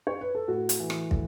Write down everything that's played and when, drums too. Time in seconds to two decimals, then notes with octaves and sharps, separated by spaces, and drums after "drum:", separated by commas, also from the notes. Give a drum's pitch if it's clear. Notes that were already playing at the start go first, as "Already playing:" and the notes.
0.07 C#5
0.21 B4
0.35 A4
0.48 A2 F#4
0.69 drum: hi-hat
0.79 E3
0.90 drum: rim click
1.11 A2, drum: kick